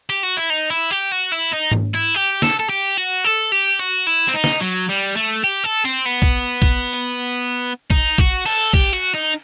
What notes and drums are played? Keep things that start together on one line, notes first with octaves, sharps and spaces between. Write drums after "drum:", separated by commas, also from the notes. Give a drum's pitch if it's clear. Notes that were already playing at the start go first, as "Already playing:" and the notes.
G4
F#4
E4
D#4
E4
G4
F#4
E4
D#4
drum: tom G#2
E4
G4
A4, drum: snare
A4
G4
F#4
A4
G4
F#4, drum: hi-hat
E4
C4, drum: hi-hat
D#4
drum: snare
F#3
G3
A3
G4
A4
C4, drum: hi-hat
B3
drum: kick
drum: kick
drum: hi-hat
D#4, drum: kick
F#4, drum: kick
A4, drum: cymbal
G4, drum: kick
F#4
D#4